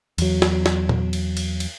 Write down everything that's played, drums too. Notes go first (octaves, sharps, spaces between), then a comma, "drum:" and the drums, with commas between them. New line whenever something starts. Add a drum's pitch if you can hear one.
E2 F#3, drum: cymbal
drum: snare
drum: snare
drum: tom A#2
drum: cymbal
drum: cymbal
drum: cymbal